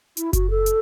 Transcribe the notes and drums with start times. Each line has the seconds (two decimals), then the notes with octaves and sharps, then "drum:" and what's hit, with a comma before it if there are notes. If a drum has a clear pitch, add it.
0.17 E4, drum: hi-hat
0.33 F#4, drum: kick F#1, hi-hat
0.50 A4
0.66 drum: hi-hat